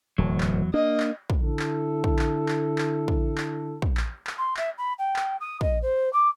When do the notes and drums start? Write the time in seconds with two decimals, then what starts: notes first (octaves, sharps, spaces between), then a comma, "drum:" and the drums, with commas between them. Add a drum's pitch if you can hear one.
0.18 D1 E2 F#3
0.40 drum: clap
0.74 A#3 D4 D#5
1.00 drum: clap
1.30 drum: kick
1.41 D3 E4 A4
1.59 drum: clap
2.04 drum: kick
2.19 drum: clap
2.49 drum: clap
2.78 drum: clap
3.08 drum: kick
3.38 drum: clap
3.82 drum: kick
3.97 drum: clap
4.27 drum: clap
4.38 C6
4.57 E5, drum: clap
4.77 B5
4.98 G5
5.16 drum: clap
5.40 D#6
5.61 D#5, drum: kick
5.82 C5
6.13 D6